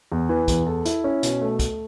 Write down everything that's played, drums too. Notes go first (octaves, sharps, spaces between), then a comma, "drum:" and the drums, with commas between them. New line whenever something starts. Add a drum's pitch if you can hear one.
E2
E3
E2, drum: kick, hi-hat
A4
E4, drum: hi-hat
C#4
B2, drum: hi-hat
A3
A3, drum: kick, hi-hat